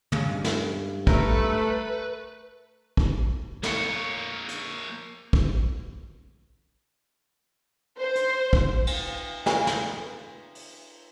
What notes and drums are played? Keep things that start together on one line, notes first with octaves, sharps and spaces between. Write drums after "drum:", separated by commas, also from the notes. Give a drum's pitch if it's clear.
G2 G#3 C#4, drum: tom
drum: snare
A3 A#4 B4, drum: kick
drum: kick
A#3 C#5, drum: snare
drum: hi-hat
drum: kick
C5
drum: hi-hat
drum: kick
drum: cymbal
C#3 B4 G#5, drum: snare
drum: snare
drum: open hi-hat